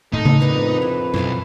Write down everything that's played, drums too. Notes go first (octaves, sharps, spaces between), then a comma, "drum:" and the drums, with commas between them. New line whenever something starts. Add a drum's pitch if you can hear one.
A2 C3 D#3 D#4 A4
drum: tom C#3
F2 A#3 B3 D4 B4
E4
B1 F#2 E4 C5 F5